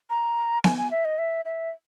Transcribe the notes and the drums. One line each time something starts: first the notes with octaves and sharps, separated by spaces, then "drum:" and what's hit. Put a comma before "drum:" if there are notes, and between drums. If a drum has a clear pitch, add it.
A#5
G#5, drum: snare B3
G#5
E5
D#5
E5
E5